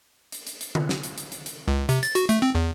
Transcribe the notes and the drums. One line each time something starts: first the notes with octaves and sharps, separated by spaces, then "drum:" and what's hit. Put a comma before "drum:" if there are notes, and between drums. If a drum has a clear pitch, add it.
drum: hi-hat
drum: hi-hat
drum: hi-hat
drum: tom D3
drum: snare
drum: hi-hat
drum: hi-hat
drum: hi-hat
drum: hi-hat
C#2
C3, drum: hi-hat
A6, drum: hi-hat
F#4, drum: hi-hat
A3, drum: hi-hat
C4
E2